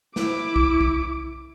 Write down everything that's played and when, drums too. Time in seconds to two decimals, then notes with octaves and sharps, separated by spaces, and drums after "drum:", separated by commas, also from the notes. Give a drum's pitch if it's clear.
0.16 E4 D6, drum: snare
0.56 drum: kick C2
0.81 drum: kick C2